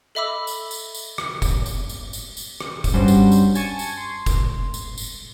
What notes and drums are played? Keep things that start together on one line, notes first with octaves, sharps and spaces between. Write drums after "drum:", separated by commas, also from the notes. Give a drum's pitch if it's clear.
A4 D#5 E5 B5 D6 E6
drum: tambourine
drum: tambourine
drum: tambourine
drum: rim click
drum: kick F1, tambourine
drum: tambourine
drum: tambourine
drum: tambourine
drum: tambourine
drum: rim click
drum: kick F1, tambourine
G2 G3 C#4 F#4 C5
drum: tambourine
drum: tambourine
G#5 A5 C#6 G#6, drum: tambourine
drum: tambourine
C6
drum: kick F1, tambourine
drum: tambourine
drum: tambourine